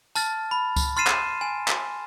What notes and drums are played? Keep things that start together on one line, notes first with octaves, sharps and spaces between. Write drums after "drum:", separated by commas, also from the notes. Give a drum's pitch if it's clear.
A5 F6 A6, drum: tambourine
B5
drum: kick C#2, tambourine
C6 F6 A6 C7 D#7 E7
drum: clap
G#5
drum: clap